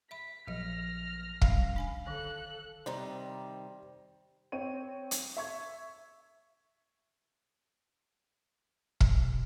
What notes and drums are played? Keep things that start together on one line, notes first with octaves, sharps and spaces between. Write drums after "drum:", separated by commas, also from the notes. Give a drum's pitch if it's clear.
E5 B5 B6
A#1 F#3 D#5 F6 A#6
F#3 G3 C#4 F5, drum: kick
D4 G#5 B5
D3 D#3 A4 F#6
C3 D#3 G3 C5 A#5
C4 C#5 D#7
drum: hi-hat
E5 C#6 G#6
B2, drum: kick